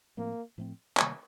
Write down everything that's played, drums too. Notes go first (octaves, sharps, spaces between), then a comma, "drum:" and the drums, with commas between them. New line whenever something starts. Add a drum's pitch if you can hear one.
A2 F3 A3 A#3 C4
A2 F3 A3 C4
C3 D#3 G3 A#3, drum: clap